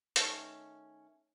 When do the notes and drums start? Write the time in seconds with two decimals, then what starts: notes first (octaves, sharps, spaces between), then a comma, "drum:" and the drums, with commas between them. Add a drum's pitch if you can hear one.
0.16 D#3 A3 C#4, drum: hi-hat